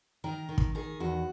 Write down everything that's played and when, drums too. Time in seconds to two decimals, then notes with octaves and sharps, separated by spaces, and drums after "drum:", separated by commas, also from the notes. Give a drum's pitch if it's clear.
0.24 D#3 A#4
0.49 D#3
0.58 drum: kick
0.75 D#3 G#4
1.00 E2 F#4